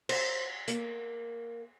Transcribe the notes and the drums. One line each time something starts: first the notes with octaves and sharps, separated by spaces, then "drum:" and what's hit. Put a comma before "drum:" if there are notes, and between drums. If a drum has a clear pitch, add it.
C5, drum: cymbal
A#3, drum: hi-hat